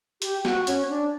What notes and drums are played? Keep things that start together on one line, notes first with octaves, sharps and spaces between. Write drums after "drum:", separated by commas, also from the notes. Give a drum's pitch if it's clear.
G4, drum: hi-hat
F#4, drum: snare
C#4, drum: hi-hat
D4